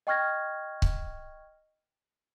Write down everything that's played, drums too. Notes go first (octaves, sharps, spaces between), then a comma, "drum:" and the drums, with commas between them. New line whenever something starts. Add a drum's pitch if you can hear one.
D#5 G5 C#6 F6 G#6 A#6
drum: kick C#1